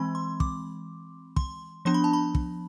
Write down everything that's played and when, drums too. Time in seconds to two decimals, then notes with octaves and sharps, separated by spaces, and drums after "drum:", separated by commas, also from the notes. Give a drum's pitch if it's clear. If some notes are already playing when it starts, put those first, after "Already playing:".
Already playing: E3 G#3 C4 B5
0.15 C6
0.40 D6, drum: kick
1.36 C6, drum: kick
1.85 F3 B3 D4 C6
1.94 B5
2.04 A5
2.13 B5
2.35 drum: kick